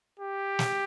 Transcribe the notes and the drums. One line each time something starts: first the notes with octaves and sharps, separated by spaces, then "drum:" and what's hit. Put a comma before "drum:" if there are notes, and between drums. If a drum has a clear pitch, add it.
G4
drum: snare